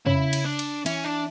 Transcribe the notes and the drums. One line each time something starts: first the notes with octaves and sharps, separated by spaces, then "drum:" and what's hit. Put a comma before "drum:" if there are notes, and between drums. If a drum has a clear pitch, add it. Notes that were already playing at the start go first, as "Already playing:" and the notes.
C#3 E4, drum: tom
drum: cymbal
D4
drum: cymbal
E3 C#4, drum: cymbal
D4